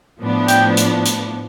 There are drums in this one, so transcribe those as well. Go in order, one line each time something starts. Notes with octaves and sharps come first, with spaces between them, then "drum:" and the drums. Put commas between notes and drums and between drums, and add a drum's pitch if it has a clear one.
A2 F3 B3 D4
G5, drum: hi-hat
drum: hi-hat
drum: hi-hat